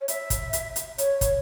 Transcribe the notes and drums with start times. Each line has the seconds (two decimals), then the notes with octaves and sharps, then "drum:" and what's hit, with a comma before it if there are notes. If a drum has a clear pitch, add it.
0.01 C#5
0.08 E5, drum: hi-hat
0.30 drum: kick, hi-hat
0.53 drum: hi-hat
0.76 drum: hi-hat
0.98 C#5, drum: hi-hat
1.21 drum: kick, hi-hat